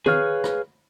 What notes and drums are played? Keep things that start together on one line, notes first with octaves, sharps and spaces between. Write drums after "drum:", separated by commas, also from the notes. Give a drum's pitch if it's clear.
G#4 B4 C#5 F5, drum: tom
drum: rim click